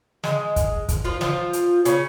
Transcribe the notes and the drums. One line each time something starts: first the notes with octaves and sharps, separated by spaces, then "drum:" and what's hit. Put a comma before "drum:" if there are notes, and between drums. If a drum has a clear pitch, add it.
G#3 G#4, drum: snare
drum: kick, hi-hat
drum: kick, hi-hat
F3 F4
F3 F4, drum: snare
drum: hi-hat
C#3 C#4, drum: hi-hat